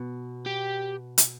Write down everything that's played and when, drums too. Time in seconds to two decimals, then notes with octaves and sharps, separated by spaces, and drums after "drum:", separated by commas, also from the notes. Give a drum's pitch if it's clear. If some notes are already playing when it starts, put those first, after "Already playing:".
Already playing: B2
0.46 G4
1.18 drum: hi-hat